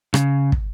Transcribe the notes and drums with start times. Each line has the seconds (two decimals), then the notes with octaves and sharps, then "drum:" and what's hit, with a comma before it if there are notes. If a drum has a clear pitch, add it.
0.14 C#3, drum: rim click
0.52 drum: kick